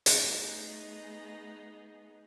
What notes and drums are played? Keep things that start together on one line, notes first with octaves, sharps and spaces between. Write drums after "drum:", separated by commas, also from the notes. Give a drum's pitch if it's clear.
drum: hi-hat
A3 B3 D#4 G#4